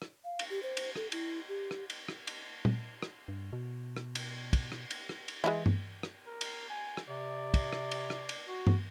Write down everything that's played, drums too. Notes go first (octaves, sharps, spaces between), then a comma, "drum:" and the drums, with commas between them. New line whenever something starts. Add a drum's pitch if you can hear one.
drum: rim click
F5
drum: cymbal
G4
C5
drum: cymbal
A4, drum: rim click
E4, drum: cymbal
G4
drum: rim click
drum: cymbal
drum: rim click
drum: cymbal
drum: tom A#2
drum: rim click
G2
B2
drum: rim click
drum: cymbal
drum: kick, cymbal
drum: rim click
drum: cymbal
drum: rim click
drum: cymbal
E3 G#3 D#4 E4
drum: tom G2
drum: rim click
A#4
drum: cymbal
G#5
drum: rim click
C3 D5
drum: kick, cymbal
drum: rim click
drum: cymbal
drum: rim click
drum: cymbal
F#4
drum: tom G2